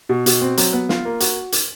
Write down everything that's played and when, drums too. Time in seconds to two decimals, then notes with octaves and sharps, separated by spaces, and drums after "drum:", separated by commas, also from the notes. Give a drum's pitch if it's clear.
0.09 B2
0.26 B2, drum: hi-hat
0.41 C4
0.57 F#3, drum: hi-hat
0.73 B3
0.89 F4, drum: snare
1.05 A#3
1.20 F#4, drum: hi-hat
1.52 drum: hi-hat